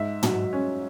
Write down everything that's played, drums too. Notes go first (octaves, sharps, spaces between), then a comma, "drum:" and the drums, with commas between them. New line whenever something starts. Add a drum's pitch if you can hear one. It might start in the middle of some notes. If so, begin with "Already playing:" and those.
Already playing: G#2 E5
F#3, drum: tom
C#4